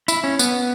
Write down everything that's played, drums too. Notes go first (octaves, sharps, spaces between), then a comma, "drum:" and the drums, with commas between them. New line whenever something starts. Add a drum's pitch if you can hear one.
E4, drum: tambourine
C#4
B3, drum: tambourine